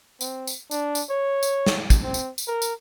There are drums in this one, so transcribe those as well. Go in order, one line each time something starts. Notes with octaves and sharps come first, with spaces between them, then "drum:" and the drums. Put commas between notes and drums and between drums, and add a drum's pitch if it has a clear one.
C4, drum: tambourine
drum: tambourine
D4, drum: tambourine
drum: tambourine
C#5
drum: tambourine
drum: snare
drum: kick, tambourine
C4
drum: tambourine
drum: tambourine
A#4
drum: tambourine